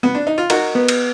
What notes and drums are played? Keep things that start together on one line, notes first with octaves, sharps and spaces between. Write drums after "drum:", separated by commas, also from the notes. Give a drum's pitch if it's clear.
B3
D4
D#4
F4
D#4 F#4 A#4, drum: cymbal
B3
drum: cymbal